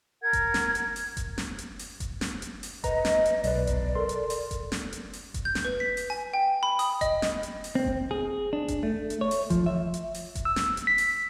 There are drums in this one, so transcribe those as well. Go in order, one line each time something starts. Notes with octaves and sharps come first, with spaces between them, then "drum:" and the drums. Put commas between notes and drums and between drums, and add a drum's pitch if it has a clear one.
A#4 F#5 G#6
drum: kick F#1, hi-hat
drum: snare
drum: hi-hat
drum: open hi-hat
drum: kick F#1, hi-hat
drum: snare
drum: hi-hat
drum: open hi-hat
drum: kick F#1, hi-hat
drum: snare
drum: hi-hat
drum: open hi-hat
B4 D#5 A#5, drum: kick F#1, hi-hat
drum: snare
drum: hi-hat
B1 B4 D5, drum: open hi-hat
drum: kick F#1, hi-hat
A4 A#4 C6
drum: hi-hat
drum: open hi-hat
drum: kick F#1, hi-hat
drum: snare
drum: hi-hat
drum: open hi-hat
drum: kick F#1, hi-hat
G6
drum: snare
B4
B6
drum: open hi-hat
G#5
G5
B5
D#6, drum: open hi-hat
D#5, drum: kick F#1, hi-hat
drum: snare
drum: hi-hat
drum: open hi-hat
C4
drum: kick F#1
G#4
D4
drum: kick F#1, hi-hat
A3
drum: hi-hat
C#5
drum: open hi-hat
F3, drum: kick F#1, hi-hat
E5
drum: hi-hat
drum: open hi-hat
drum: kick F#1, hi-hat
E6
drum: snare
drum: hi-hat
B6
drum: open hi-hat